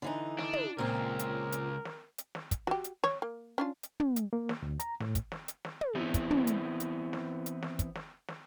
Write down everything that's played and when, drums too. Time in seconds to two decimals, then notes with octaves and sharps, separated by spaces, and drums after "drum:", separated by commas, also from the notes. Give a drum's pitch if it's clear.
0.02 D3 E3 D#4
0.38 D4, drum: snare
0.53 drum: tom
0.78 C#2 A#2 C4 A#4
1.19 drum: hi-hat
1.52 drum: hi-hat
1.85 drum: snare
2.18 drum: hi-hat
2.35 drum: snare
2.51 drum: kick, hi-hat
2.67 F#4 G4, drum: snare
2.84 drum: hi-hat
3.04 C#5, drum: snare
3.22 A#3
3.58 C#4 D4 F4
3.83 drum: hi-hat
4.00 drum: tom
4.16 drum: hi-hat
4.33 A#3
4.49 drum: snare
4.62 D2
4.80 A#5, drum: hi-hat
5.00 A2, drum: snare
5.15 drum: kick, hi-hat
5.32 drum: snare
5.48 drum: hi-hat
5.65 drum: snare
5.81 drum: tom
5.95 E3 B3 C4 E4
6.14 drum: kick, hi-hat
6.31 drum: tom
6.47 drum: hi-hat
6.80 drum: hi-hat
7.13 drum: snare
7.46 drum: hi-hat
7.62 drum: snare
7.79 drum: kick, hi-hat
7.95 drum: snare
8.28 drum: snare